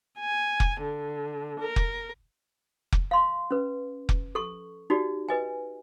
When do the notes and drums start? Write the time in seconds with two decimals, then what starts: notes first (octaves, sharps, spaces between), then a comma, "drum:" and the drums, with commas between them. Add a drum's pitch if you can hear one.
0.20 G#5
0.60 drum: kick F1
0.82 D3
1.61 A#4
1.76 drum: kick F1
2.92 drum: kick F1
3.11 F5 C6
3.51 C#4 B4
4.09 drum: kick F1
4.35 A4 C#6
4.90 D#4 F#4 G4 D5
5.29 B4 D#5 G#5